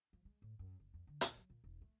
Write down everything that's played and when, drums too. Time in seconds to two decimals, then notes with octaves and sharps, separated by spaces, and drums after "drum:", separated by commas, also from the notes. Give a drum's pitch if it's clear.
0.13 F3
0.25 G#3
0.42 A2
0.59 F#2
0.80 F#1
0.94 F2
1.07 D3
1.21 A#1, drum: hi-hat
1.36 F#3
1.50 A#2
1.64 E1
1.82 A3